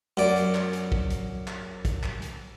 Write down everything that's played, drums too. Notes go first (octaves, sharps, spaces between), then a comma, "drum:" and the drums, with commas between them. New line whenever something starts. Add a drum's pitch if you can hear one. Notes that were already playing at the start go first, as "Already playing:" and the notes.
F#2 D5
drum: hi-hat
drum: clap
drum: hi-hat
drum: kick
drum: hi-hat
drum: clap
drum: kick, hi-hat
drum: clap
drum: hi-hat